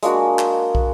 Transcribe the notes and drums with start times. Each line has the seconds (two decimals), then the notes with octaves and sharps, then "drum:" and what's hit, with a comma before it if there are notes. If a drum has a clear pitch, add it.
0.03 G#3 A#3 D4 F#4, drum: hi-hat
0.39 drum: clap
0.75 drum: kick